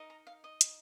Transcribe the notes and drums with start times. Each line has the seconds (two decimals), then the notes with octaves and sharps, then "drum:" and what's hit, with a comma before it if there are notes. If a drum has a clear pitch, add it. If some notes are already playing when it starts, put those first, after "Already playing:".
Already playing: D#4 A#4 D#5
0.10 A#5
0.27 F5
0.44 D#5
0.61 drum: hi-hat